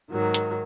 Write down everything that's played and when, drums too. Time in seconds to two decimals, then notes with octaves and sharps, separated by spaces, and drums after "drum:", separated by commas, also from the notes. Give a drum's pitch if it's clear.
0.10 G#2 D#3 F#3
0.34 drum: hi-hat